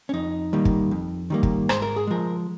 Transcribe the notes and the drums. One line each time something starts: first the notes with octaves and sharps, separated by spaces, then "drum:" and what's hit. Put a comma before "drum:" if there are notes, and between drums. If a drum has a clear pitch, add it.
C#4
F2 D#4
D#3 G3 A#3
drum: kick
F2
D#3 G3 A#3
drum: kick
G#2 C5, drum: rim click
A#4
G#4
F3 G#3 A#4